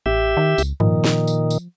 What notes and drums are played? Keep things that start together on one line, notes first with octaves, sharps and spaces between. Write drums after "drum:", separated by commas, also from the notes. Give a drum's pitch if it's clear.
A1 G4 E5
D#3
C#2, drum: tambourine
A#2 D#3 F3, drum: tom G2
drum: snare
drum: tambourine
drum: tambourine